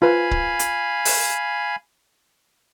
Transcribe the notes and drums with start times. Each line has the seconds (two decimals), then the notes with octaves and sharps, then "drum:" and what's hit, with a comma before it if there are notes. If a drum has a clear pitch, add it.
0.02 F4 B4 F5 G#5 B5
0.31 drum: kick C#1
0.59 drum: hi-hat
1.05 drum: open hi-hat